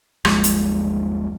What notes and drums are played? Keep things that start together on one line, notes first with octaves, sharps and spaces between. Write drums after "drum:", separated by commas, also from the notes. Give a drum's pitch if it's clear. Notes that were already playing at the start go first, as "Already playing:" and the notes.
G1 D#2 F3 G#3, drum: rim click
drum: hi-hat